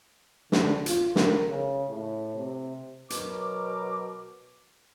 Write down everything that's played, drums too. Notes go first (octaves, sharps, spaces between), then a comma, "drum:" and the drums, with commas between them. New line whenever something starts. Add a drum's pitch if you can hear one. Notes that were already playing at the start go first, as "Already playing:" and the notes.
D3, drum: snare
F4, drum: hi-hat
A#4, drum: snare
C#3
A2
C3
B2 F#3 A#4 D6, drum: hi-hat